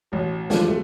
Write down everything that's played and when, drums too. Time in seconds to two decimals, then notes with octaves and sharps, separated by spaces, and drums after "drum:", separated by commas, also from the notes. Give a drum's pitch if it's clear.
0.12 A1 B2
0.50 E3 F3 G3 A3 D4 F4, drum: snare
0.68 D1 A3